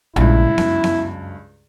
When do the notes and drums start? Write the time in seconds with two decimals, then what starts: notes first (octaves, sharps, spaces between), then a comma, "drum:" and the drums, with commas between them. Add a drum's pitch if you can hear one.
0.16 C#2 G2 A#2 D3 E4, drum: tom A#1
0.58 F#2, drum: snare B3
0.84 drum: snare B3